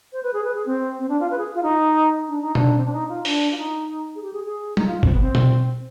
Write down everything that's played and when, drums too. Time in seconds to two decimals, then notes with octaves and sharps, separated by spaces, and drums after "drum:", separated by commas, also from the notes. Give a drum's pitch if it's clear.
0.13 C5
0.23 B4
0.33 G#4
0.44 B4
0.55 G#4
0.66 C4
0.99 C4
1.09 D4
1.20 F4
1.31 B4
1.38 G#4
1.54 F4
1.63 D#4
2.28 D4
2.41 D#4
2.55 D4, drum: tom B2
2.77 C4
2.85 D4
2.93 D#4
3.09 F4
3.25 D4, drum: open hi-hat
3.51 F4
3.58 D#4
4.15 G#4
4.23 G4
4.33 G#4
4.44 G#4
4.77 D#4, drum: tom G3
4.86 F4
5.03 C4, drum: kick G1
5.13 B3
5.21 C4
5.35 drum: tom B2